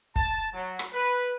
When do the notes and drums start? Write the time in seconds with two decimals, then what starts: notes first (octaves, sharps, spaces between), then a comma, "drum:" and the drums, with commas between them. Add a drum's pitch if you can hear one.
0.16 A5, drum: kick
0.53 F#3
0.79 drum: rim click
0.93 B4